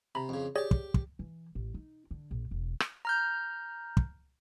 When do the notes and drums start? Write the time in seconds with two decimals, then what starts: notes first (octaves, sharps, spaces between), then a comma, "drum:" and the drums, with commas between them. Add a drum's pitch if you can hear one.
0.15 C3 A#5 B5
0.29 F2 C#3
0.56 G4 G#4 C#5 D5 G5
0.71 drum: kick
0.94 drum: kick
1.19 E3
1.55 A1
1.74 D#4
2.11 D3
2.31 A#1
2.51 E1
2.80 drum: rim click
3.05 A#5 F6 G6
3.97 drum: kick